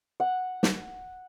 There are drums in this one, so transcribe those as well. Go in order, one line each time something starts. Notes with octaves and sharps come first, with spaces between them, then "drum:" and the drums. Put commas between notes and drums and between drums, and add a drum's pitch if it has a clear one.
F#5
drum: snare